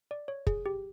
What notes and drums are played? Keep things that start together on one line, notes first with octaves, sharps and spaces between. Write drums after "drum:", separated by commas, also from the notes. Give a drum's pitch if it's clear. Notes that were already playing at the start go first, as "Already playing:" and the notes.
D5
C#5
G#4, drum: kick
G4